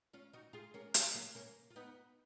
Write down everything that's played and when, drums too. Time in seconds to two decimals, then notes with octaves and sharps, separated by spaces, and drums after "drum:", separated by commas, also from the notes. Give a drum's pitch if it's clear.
0.13 C#4 F4
0.33 D#4 F#4
0.53 F4 G#4
0.74 A#3 C#4
0.94 G#3 B3, drum: hi-hat
1.15 F#3 A#3
1.35 A#3 C#4
1.70 F4
1.76 B3 D#4